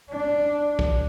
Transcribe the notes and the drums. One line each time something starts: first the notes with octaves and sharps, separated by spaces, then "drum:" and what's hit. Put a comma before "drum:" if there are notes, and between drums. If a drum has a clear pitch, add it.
D4
drum: kick